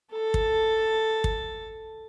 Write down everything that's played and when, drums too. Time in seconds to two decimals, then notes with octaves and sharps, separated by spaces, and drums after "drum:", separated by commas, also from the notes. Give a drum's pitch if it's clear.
0.11 A4 A5
0.34 drum: kick
1.24 drum: kick